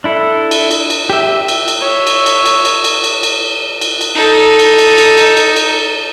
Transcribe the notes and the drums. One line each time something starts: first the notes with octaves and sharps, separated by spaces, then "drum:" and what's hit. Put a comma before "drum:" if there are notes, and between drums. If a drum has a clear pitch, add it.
D4 E4 A4
drum: cymbal
drum: cymbal
drum: cymbal
G4 E5
drum: cymbal
drum: cymbal
C#5 E5
drum: cymbal
drum: cymbal
drum: cymbal
drum: cymbal
drum: cymbal
drum: cymbal
drum: cymbal
drum: cymbal
drum: cymbal
D#4 A4
drum: cymbal
drum: cymbal
drum: cymbal
drum: cymbal
drum: cymbal
drum: cymbal